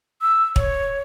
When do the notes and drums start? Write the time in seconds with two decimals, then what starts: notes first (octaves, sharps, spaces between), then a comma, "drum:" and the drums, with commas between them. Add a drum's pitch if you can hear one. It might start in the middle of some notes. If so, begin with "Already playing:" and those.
0.22 E6
0.56 C#5, drum: kick